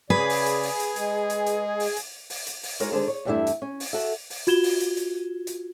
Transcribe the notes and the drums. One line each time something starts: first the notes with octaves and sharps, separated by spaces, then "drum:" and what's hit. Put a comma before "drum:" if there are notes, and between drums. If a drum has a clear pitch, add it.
C#3 G#4 B4 D5
drum: open hi-hat
drum: hi-hat
drum: open hi-hat
drum: hi-hat
G#3, drum: hi-hat
drum: hi-hat
drum: hi-hat
drum: open hi-hat
drum: hi-hat
drum: open hi-hat
drum: hi-hat
drum: open hi-hat
G#3 D#4 F#4 A#4 C#5, drum: hi-hat
D3 D#3 G#3 D4 G#4 C5
C#5
E2 G2 G3 A3 D4 E4
drum: hi-hat
C#4
drum: open hi-hat
F#4 A4 E5
drum: open hi-hat
F4 F#4 G#6 E7 G7, drum: hi-hat
drum: open hi-hat
drum: hi-hat
drum: hi-hat
drum: hi-hat